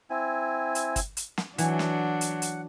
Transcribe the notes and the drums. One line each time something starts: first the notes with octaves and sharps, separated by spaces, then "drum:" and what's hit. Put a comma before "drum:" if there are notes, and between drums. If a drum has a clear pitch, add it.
C4 E4 G#5
drum: hi-hat
drum: kick, hi-hat
drum: hi-hat
drum: snare
E3 F#3 D4 F#5, drum: hi-hat
drum: snare
drum: hi-hat
drum: hi-hat